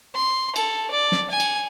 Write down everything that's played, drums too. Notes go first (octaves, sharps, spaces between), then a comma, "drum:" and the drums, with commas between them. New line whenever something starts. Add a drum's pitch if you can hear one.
C6
A4, drum: cymbal
D5
drum: snare
G#5
drum: cymbal